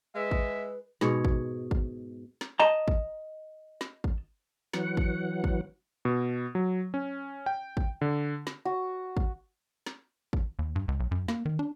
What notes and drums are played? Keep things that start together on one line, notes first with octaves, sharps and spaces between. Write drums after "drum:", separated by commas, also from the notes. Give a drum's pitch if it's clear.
G#3 B4 E5
drum: kick
G#2 B2 C#5, drum: snare
drum: kick
drum: kick
drum: snare
D#5 A5 A#5
drum: kick
drum: snare
drum: kick
E3 F#3 F#5, drum: snare
drum: kick
drum: kick
B2
F#3
C#4
G5
drum: kick
D3
drum: snare
F#4
drum: kick
drum: snare
drum: kick
D#2
G2
C#2
B1
F#2
A#3, drum: snare
D#3
D4